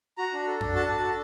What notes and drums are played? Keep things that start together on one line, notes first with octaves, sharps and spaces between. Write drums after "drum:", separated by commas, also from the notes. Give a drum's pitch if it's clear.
F#4 A#5
D4
A4
D4, drum: tom F2
F#4 A5
D4
A4